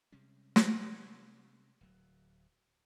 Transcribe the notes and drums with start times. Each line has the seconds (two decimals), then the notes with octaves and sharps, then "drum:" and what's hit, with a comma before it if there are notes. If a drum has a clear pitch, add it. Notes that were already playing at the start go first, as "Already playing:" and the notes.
0.12 C3 G3 G#3 C#4
0.56 drum: snare
1.81 D1 F#3